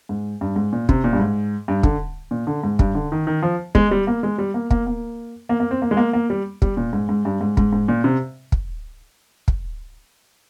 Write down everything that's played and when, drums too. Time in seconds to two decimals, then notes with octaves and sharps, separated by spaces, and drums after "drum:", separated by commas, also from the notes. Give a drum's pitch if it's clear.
0.09 G#2
0.41 G2
0.56 G#2
0.73 A#2
0.89 C3, drum: kick
1.04 A#2
1.13 G2
1.20 G#2
1.68 G2
1.83 D3, drum: kick
2.31 A#2
2.47 D3
2.63 G#2
2.79 G2, drum: kick
2.95 D3
3.12 D#3
3.27 D#3
3.42 F3
3.75 G#3, drum: kick
3.91 G3
4.07 A#3
4.23 G#3
4.38 G3
4.54 A#3
4.70 A#3, drum: kick
4.86 A#3
5.49 A#3
5.60 A#3
5.71 C4
5.82 A#3
5.91 G#3
5.97 A#3
6.13 A#3
6.30 G3
6.62 G3, drum: kick
6.77 A#2
6.93 G#2
7.09 G#2
7.25 G2
7.41 G#2
7.57 G#2, drum: kick
7.73 G#2
7.88 A#2
8.04 C3
8.52 drum: kick
9.48 drum: kick